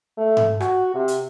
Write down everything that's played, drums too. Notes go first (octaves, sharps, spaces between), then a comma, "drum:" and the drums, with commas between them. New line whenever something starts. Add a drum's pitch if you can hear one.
A3
drum: tom G#2
F#4, drum: rim click
C3
drum: hi-hat